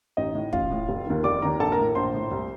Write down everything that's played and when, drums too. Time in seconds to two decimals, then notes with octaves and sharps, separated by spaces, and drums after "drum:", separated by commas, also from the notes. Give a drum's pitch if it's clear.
0.17 A1 D#4 D#5
0.35 A2
0.53 A1 F4 F5, drum: kick
0.71 A2
0.89 F1
1.07 D#2 D#3
1.24 F1 D5 D6
1.42 D#2 D#3 A#4 A#5
1.60 A#1 A4 A5
1.72 A#4 A#5
1.78 A2
1.95 A#1 C5 C6
2.14 A2
2.31 C2